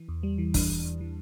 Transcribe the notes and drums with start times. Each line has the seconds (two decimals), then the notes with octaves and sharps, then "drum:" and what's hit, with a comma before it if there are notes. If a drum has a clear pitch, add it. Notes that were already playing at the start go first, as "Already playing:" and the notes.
Already playing: E3
0.09 E2
0.23 G3
0.38 E3
0.54 D4, drum: kick, open hi-hat
0.70 E2
0.85 E2
1.01 E3